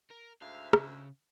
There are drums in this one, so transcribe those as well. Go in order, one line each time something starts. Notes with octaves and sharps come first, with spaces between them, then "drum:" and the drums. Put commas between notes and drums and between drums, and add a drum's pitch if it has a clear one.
A#4
D2 G#2 E5 F5
C#3, drum: rim click